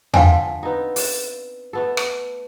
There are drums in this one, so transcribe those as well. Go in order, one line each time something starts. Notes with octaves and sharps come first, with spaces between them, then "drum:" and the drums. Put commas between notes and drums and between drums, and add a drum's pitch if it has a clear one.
D3 F3 F5 G5 G#5, drum: tom E2
B3 C4 D#4
D5, drum: open hi-hat
A3 B3 A4
drum: rim click